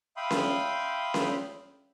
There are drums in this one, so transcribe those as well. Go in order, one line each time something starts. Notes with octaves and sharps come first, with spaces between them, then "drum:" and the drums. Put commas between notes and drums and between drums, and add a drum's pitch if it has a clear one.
E5 F5 G5 B5 C6 D#6
drum: snare C#4
drum: snare C#4